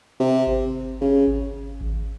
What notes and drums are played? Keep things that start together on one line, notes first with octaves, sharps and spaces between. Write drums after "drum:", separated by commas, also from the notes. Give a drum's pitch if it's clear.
C3
drum: kick G#1
C#3
drum: kick G#1
drum: kick G#1